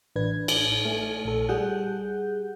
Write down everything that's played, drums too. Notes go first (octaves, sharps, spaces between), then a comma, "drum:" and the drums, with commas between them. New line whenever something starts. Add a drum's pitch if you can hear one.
A1 D4 B4 G#6
drum: cymbal
A3 G#5
A#1 A4
G3 G#4 F#5 G6